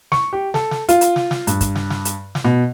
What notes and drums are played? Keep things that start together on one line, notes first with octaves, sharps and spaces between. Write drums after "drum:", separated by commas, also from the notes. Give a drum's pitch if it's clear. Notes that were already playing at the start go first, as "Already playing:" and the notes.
C#6, drum: snare
G4
A4, drum: snare
drum: snare
F4, drum: hi-hat
drum: hi-hat
drum: snare
drum: snare
G2, drum: hi-hat
drum: kick, hi-hat
drum: snare
drum: snare
drum: hi-hat
drum: snare
B2